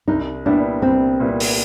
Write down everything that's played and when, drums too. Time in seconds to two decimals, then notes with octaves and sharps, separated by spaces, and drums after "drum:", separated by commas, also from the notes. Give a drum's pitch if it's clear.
0.08 C2 D#4
0.46 A#2 G3 B3 D4 E4
0.82 C2 C4
1.20 A#2 G3 B3 E4
1.40 drum: open hi-hat